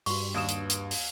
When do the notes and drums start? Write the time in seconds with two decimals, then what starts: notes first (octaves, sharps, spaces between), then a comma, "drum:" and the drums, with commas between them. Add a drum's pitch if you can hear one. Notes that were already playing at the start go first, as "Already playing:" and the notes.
0.06 G2 F#4 C#6, drum: open hi-hat
0.34 D#2 D#6 E7
0.49 drum: hi-hat
0.70 drum: hi-hat
0.91 drum: open hi-hat